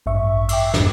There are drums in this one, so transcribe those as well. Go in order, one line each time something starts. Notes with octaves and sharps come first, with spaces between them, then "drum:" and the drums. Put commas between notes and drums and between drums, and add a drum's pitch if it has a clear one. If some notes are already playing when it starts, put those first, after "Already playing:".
A1 G2 E5 C#6
G5 D6 E6, drum: cymbal
A1 E2 G2 A#2, drum: snare